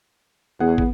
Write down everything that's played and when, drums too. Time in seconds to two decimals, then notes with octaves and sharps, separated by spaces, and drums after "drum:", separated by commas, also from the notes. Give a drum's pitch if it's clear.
0.60 E2 B3 G#4 F#5
0.78 drum: kick